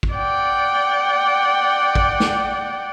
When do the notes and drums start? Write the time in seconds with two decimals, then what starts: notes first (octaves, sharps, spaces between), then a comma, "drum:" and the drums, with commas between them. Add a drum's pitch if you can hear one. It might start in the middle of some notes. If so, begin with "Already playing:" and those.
0.03 drum: kick
0.13 D5 F#5 G5
1.95 drum: kick
2.20 drum: snare